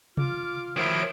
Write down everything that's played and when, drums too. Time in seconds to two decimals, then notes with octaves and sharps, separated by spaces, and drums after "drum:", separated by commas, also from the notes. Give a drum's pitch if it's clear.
0.17 F4 D6 F6, drum: tom C3
0.77 D#3 F3 F#3 E4 D7